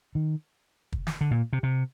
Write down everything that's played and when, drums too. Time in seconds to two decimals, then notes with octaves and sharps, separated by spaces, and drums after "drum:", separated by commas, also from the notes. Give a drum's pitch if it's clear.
0.15 D#3
0.92 drum: kick
1.07 drum: snare
1.21 D3
1.31 A#2
1.53 C3
1.63 C3